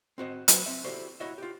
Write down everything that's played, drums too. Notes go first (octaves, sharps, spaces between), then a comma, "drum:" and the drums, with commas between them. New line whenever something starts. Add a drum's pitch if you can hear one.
C4 F#4 C5 D#5
F#3 F#4 B4 C5, drum: hi-hat
C4 E5
E4 F#4 G4 A4 C5 D5
E4 F#4 C#5 D#5 E5
F4 G4